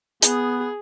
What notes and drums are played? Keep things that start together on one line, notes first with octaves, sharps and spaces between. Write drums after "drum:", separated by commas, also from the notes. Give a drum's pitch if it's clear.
B3 G#4, drum: hi-hat